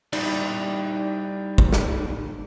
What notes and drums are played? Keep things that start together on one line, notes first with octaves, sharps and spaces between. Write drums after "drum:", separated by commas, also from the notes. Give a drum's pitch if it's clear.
G3 D#4 E4 D5, drum: cymbal
drum: kick
drum: snare